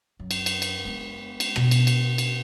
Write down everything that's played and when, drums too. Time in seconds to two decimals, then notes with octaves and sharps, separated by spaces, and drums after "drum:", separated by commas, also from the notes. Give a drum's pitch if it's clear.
0.20 F#2
0.31 drum: cymbal
0.46 drum: cymbal
0.62 drum: cymbal
0.85 G#3 B3
1.40 drum: cymbal
1.56 B2, drum: rim click
1.71 drum: cymbal
1.87 drum: cymbal
2.18 drum: cymbal